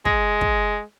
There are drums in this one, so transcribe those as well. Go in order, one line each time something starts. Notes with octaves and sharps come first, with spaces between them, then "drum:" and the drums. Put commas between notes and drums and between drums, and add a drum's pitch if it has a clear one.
G#3, drum: kick
drum: kick